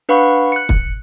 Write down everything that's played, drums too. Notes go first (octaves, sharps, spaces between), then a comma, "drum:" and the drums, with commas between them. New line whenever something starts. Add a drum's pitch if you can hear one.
D4 B4 F5 F#5 B5 C#6
F#6 C#7
drum: kick